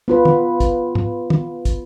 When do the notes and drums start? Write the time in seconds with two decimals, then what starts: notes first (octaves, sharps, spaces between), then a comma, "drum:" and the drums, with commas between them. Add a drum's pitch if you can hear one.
0.08 B3 F4 B4
0.25 drum: tom
0.60 drum: kick, hi-hat
0.95 drum: tom
1.30 drum: tom
1.65 drum: kick, hi-hat